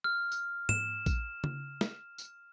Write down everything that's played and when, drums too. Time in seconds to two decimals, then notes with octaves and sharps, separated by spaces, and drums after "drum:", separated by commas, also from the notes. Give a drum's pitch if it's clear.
0.04 F6
0.32 drum: tambourine
0.69 E7, drum: tom G#2
1.06 drum: kick A#1, tambourine
1.44 drum: tom C#3
1.81 drum: snare
2.18 drum: tambourine